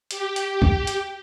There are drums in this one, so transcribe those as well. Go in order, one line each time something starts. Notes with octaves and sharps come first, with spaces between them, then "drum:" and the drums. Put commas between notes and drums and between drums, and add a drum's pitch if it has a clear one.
G4, drum: hi-hat
drum: hi-hat
drum: kick
drum: hi-hat